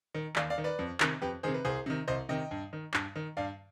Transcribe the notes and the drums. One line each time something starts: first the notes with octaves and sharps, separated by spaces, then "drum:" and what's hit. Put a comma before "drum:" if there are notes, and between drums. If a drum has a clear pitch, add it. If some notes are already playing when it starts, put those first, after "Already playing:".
D#3
D#2 D5 F5, drum: clap
D5 F5
D#3
B4 D5
F2
C3 D#3, drum: clap
F2 G4 B4
C3 D#3 G#4 C5
B4
C2 G#4 C5
C3 D#3
C2 C5 D#5
C3 D#3 D#5 G5
G2
D#3
G2, drum: clap
D#3
G2 D5 F5